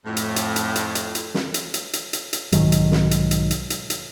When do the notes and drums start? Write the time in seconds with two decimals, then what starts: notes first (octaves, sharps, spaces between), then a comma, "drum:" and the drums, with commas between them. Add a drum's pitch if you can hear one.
0.06 F2 A2
0.17 drum: hi-hat
0.36 drum: hi-hat
0.56 drum: hi-hat
0.76 drum: hi-hat
0.95 drum: hi-hat
1.15 drum: hi-hat
1.34 drum: snare
1.54 drum: hi-hat
1.74 drum: hi-hat
1.93 drum: hi-hat
2.13 drum: hi-hat
2.33 drum: hi-hat
2.52 B1 G#2 D#3 F#3, drum: hi-hat
2.72 drum: hi-hat
2.92 drum: snare
3.11 drum: hi-hat
3.31 drum: hi-hat
3.51 drum: hi-hat
3.70 drum: hi-hat
3.90 drum: hi-hat